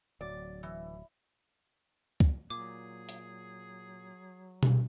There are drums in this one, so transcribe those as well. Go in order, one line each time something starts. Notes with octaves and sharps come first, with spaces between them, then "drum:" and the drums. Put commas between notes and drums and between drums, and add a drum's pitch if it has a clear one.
D1 F#3 D5
E3
drum: kick C#2
A#2 F#3 G#4 D6
drum: hi-hat
C#2 G2, drum: tom B2